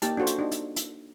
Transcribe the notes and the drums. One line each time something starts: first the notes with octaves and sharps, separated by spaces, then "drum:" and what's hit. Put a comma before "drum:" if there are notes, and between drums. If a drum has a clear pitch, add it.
A#3 D#4 G4 A5, drum: hi-hat
D4 F4 F#4 A4 C5
drum: hi-hat
D4 D#4
drum: hi-hat
drum: hi-hat